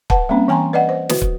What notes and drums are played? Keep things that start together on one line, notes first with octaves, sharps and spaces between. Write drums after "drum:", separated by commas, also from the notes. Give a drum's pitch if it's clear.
B4 F#5 A5, drum: kick
G3 A#3 C4 C#4
E3 G5 G#5 A#5 C6
B4 D5 D#5 F#5
C5
F#4 B4, drum: snare
drum: kick